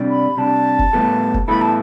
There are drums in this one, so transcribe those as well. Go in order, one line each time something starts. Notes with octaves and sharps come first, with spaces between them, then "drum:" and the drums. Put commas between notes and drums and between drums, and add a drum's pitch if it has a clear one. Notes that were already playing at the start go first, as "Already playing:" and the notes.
Already playing: C3 G3 D4
B5
C3 G3 D4 A5
drum: kick F1
A2 G3 B3 E4 A4
drum: kick F1
A2 G3 B3 E4 A4 B5
A5